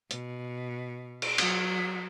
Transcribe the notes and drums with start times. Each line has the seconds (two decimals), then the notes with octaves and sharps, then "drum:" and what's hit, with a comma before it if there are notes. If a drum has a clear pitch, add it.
0.11 B2, drum: hi-hat
1.22 drum: cymbal
1.38 F#3, drum: cymbal